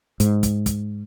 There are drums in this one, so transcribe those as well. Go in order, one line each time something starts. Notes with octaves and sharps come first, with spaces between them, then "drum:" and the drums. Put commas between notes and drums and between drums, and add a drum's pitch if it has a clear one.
G#2, drum: hi-hat
drum: kick, hi-hat
drum: kick, hi-hat